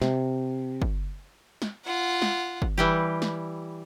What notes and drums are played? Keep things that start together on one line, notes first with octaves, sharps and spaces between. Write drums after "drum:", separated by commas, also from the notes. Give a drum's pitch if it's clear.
C3, drum: snare
drum: kick
drum: snare
F4 F#5
drum: snare
drum: kick
E3 G3 G4
drum: snare